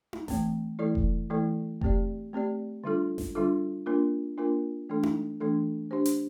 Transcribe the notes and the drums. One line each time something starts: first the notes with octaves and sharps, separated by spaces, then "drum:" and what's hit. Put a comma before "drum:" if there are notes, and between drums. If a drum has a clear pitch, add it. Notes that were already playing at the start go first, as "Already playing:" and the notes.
drum: tom D#4
E3 A3 C4, drum: snare G#1
E3 A3 E4 A4 D5
drum: kick F1
E3 A3 E4 A4 D5
A3 C4 G4 D5, drum: kick F1
A3 C4 G4 D5
D3 G3 D4 F4 A4
drum: snare G#1
D3 G3 D4 F4 A4
A#3 D4 F4 A#4
A#3 D4 F4 A#4
E3 A3 D4 A4
drum: tom D#4
E3 A3 D4 A4
D4 G4 C5
drum: hi-hat